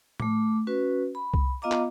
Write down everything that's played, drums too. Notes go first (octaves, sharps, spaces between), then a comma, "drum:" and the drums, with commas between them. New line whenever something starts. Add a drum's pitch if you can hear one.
A3 D6, drum: tom A2
C#4 F#4 B4
B5
drum: kick C2
B3 F4 D#5 F5 A#5 D6
drum: clap